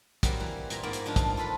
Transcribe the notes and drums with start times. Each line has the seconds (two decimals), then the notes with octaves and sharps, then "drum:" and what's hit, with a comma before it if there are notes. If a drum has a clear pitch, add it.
0.23 F#3 G3 A#3 C4, drum: kick, hi-hat
0.40 E3
0.70 A#2 A#5, drum: hi-hat
0.83 G#2 A#3 B3 D5 F5
0.93 drum: hi-hat
1.06 F3 D4 D#4 F4
1.16 drum: kick, hi-hat
1.37 F4 A4 B4 B5